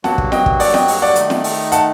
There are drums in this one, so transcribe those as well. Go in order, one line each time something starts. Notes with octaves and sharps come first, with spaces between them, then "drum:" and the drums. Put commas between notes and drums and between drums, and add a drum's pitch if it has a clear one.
G2 F#3 A#3 F#4 F#5 A5, drum: snare
drum: kick
D#5 G5, drum: snare
drum: kick
D5 F#5, drum: open hi-hat
D#5 G5, drum: snare
drum: open hi-hat
D5 F#5
D#3 A3 D#4, drum: hi-hat
drum: snare
drum: open hi-hat
F#5 A5, drum: hi-hat